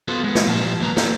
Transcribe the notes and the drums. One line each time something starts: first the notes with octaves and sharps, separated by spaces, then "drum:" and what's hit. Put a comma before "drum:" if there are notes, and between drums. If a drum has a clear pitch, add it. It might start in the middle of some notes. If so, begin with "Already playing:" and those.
B3 F4 F#4 A4 B4 C5
G#3 B3
drum: snare
A#2 F3 G3 F4 A5
D#2 F#3 A#3 B4 A#5
A4 B4 C5 D5 D#5, drum: snare